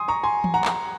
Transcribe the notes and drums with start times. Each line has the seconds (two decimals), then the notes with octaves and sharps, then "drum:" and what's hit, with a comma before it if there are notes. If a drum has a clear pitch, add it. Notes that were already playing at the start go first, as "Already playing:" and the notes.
Already playing: G#5 C6 D#6
0.08 A#5 C#6
0.23 G#5 C6
0.44 drum: tom E3
0.54 F#5 A#5
0.65 drum: clap